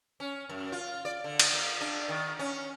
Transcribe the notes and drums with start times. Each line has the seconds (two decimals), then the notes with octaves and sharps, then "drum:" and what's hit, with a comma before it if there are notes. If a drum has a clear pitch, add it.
0.20 C#4
0.49 F#2
0.72 F4
1.05 D5
1.24 D3
1.40 drum: cymbal
1.54 A#3
1.81 D4
2.09 D#3
2.39 C#4